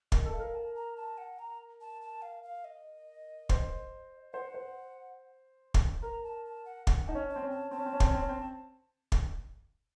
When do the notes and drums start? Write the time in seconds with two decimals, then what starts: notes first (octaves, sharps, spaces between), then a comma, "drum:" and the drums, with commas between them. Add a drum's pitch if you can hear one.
0.12 A#4 D#5, drum: kick
0.26 A4
0.33 F5
0.39 A#4
0.54 A5
0.75 A#5
0.96 A5
1.18 F#5
1.39 A#5
1.81 A5
2.02 A5
2.22 F5
2.43 F5
2.65 D#5
3.49 C5, drum: kick
4.33 C5 F#5
4.54 C5
5.74 drum: kick
6.02 A#4 A#5
6.24 A5
6.45 A5
6.65 F#5
6.87 F#5, drum: kick
7.08 D#4 A5
7.15 C#4
7.29 A5
7.36 C4
7.42 C#4
7.51 A5
7.71 C4 A5
7.79 C#4
7.86 C4
7.93 C#4
8.00 C4, drum: kick
8.07 C#4
8.15 C4
8.22 C#4
8.29 C4
9.12 drum: kick